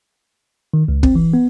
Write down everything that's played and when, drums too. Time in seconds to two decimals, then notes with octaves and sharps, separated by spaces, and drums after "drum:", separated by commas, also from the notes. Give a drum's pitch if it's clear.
0.74 D#3
0.88 C#2
1.03 C4, drum: kick
1.15 E3
1.34 B3